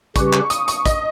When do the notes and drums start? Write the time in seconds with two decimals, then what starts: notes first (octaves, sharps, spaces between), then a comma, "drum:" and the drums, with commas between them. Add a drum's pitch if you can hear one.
0.16 C#3 G3 C#4 G4 B4 C#6, drum: kick, hi-hat
0.33 C#6, drum: clap
0.50 D#6, drum: hi-hat
0.68 C#6, drum: hi-hat
0.86 D#5, drum: kick, hi-hat